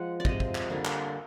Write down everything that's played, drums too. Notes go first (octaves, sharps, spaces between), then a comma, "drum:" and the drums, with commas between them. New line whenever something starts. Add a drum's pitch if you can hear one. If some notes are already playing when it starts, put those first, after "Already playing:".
Already playing: F3 G#3 F#5
D5
C3 F3 G#3 D#5, drum: kick
drum: kick
drum: clap
D3 G3 A#3
drum: clap